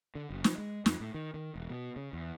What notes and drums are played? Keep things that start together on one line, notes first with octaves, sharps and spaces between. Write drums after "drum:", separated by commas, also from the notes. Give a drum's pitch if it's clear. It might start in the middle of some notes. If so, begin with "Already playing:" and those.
D3
F#1
F3, drum: snare
G#3
F2, drum: snare
A2
D#3
D#3
E1
B2
C#3
E2